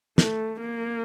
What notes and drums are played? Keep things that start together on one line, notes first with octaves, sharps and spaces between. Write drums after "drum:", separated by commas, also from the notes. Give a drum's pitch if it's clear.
A3, drum: snare
A#3